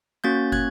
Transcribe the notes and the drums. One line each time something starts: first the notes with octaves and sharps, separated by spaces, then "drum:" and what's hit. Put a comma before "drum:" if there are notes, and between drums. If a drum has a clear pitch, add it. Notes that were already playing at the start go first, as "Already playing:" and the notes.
A#3 C#4 F#4 G6 A6
F#6 G#6, drum: kick